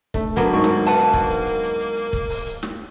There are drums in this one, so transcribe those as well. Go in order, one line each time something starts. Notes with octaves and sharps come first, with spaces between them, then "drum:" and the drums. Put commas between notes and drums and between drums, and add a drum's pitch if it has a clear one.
A3, drum: kick, hi-hat
F#3 A#3 B3 D4
G#1 C#6
drum: snare
B4 F#5 A5
drum: hi-hat
drum: kick, hi-hat
drum: hi-hat
drum: hi-hat
drum: hi-hat
drum: hi-hat
drum: hi-hat
drum: kick, hi-hat
drum: open hi-hat
drum: hi-hat
drum: snare